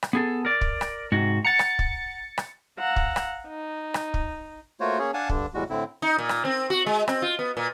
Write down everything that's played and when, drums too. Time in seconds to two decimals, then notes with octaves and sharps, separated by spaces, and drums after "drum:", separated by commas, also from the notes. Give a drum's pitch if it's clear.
0.03 drum: rim click
0.13 B3 G#4 A4
0.45 A#4 D5
0.61 drum: kick
0.81 drum: rim click
1.12 G#2 C3 F#4
1.45 F#5 A#5 A6 C#7
1.59 drum: rim click
1.79 drum: kick
2.38 drum: rim click
2.78 F5 F#5 A#5 E6
2.96 drum: kick
3.16 drum: rim click
3.47 D#4
3.94 drum: rim click
4.14 drum: kick
4.80 A3 A#3 F4 F#4 C5 C#5
4.99 A#3 C#4 G#4 C#5
5.14 D4 F5 F#5 G#5 A5
5.29 G2 D3 D4, drum: kick
5.54 E2 A2 G3 G#3 F#4
5.70 A2 D3 C4 E4
6.02 D#4
6.18 A#2
6.29 drum: rim click
6.45 C4
6.70 F#4
6.86 G#3
7.08 C4, drum: rim click
7.22 F4
7.39 B3
7.57 A#2